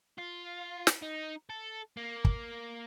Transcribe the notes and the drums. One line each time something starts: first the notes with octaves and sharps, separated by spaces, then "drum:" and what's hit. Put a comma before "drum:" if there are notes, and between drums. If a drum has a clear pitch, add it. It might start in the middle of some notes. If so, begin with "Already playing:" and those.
F4
drum: snare
D#4
A4
A#3
drum: kick